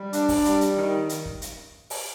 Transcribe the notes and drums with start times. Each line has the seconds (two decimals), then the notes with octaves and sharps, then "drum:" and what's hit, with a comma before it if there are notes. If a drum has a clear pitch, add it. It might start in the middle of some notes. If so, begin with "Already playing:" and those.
Already playing: G3
0.13 D4, drum: hi-hat
0.29 drum: kick, open hi-hat
0.45 G3, drum: hi-hat
0.61 drum: hi-hat
0.77 D#3
1.09 drum: hi-hat
1.25 drum: kick
1.42 drum: hi-hat
1.90 drum: open hi-hat